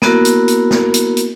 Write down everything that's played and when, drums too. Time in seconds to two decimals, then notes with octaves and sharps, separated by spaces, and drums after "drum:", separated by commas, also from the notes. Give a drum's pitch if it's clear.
0.02 A#3 B3 E4 F#4 A#4, drum: snare
0.25 drum: hi-hat
0.48 drum: hi-hat
0.71 drum: snare
0.94 drum: hi-hat
1.17 drum: hi-hat